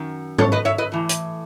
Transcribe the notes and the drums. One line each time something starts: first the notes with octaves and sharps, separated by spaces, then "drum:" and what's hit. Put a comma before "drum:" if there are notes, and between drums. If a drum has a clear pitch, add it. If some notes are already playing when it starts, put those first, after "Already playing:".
Already playing: F#2 D#3
A4 C#5, drum: tom
B4 D#5
C#5 E5
B4 D#5
A2 E3
drum: hi-hat